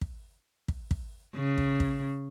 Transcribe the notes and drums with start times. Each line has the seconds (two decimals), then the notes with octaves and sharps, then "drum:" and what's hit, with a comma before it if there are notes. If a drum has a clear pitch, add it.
0.01 drum: kick
0.68 drum: kick
0.91 drum: kick
1.35 C#3
1.58 drum: kick
1.80 drum: kick